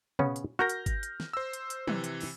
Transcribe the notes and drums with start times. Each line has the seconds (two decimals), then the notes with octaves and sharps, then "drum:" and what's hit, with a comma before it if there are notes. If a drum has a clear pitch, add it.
0.19 C#3 B3 C#4, drum: tom
0.36 drum: hi-hat
0.59 F#4 A#4 F6 G6 A#6
0.69 drum: hi-hat
0.86 drum: kick G#1, hi-hat
1.03 drum: hi-hat
1.20 drum: snare
1.33 C5 E6
1.53 drum: hi-hat
1.70 drum: hi-hat
1.87 C3 E3, drum: tom
2.04 drum: hi-hat
2.21 drum: open hi-hat